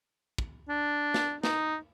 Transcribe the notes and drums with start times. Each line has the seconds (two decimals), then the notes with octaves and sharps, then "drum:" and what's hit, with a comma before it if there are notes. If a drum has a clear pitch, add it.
0.38 drum: kick
0.69 D4
1.14 drum: snare
1.44 D#4, drum: snare